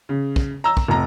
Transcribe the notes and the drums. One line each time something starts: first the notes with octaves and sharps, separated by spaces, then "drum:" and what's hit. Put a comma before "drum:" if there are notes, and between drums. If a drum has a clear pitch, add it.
C#3
drum: kick
A#5 E6
drum: kick
F1 A#5